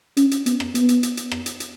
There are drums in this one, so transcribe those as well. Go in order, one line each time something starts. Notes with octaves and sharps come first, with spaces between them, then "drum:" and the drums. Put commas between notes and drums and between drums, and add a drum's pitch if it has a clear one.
C#4, drum: hi-hat
drum: hi-hat
B3, drum: hi-hat
drum: rim click
B3, drum: hi-hat
drum: hi-hat
drum: hi-hat
drum: hi-hat
drum: rim click
drum: hi-hat
drum: hi-hat